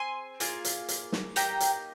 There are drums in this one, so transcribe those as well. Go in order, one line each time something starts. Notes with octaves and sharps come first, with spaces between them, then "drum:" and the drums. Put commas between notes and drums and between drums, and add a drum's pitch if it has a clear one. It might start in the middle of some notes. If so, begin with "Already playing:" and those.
Already playing: C4 G#4 G#5 C6
A#3 F4 G#4, drum: hi-hat
drum: hi-hat
drum: hi-hat
drum: snare
A#3 D#4 G4 G5 A#5, drum: hi-hat
drum: hi-hat